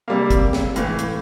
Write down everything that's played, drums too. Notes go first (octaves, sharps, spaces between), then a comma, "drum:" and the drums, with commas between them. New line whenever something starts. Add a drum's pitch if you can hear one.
C3 G3 A#3 F5
drum: kick, hi-hat
drum: snare
A2 E3 A3 F5, drum: hi-hat
drum: hi-hat